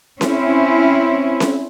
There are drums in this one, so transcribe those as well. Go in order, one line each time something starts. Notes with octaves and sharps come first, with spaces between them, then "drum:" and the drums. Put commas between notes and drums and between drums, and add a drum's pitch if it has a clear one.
C4 C#4 E4, drum: snare C#4
drum: snare C#4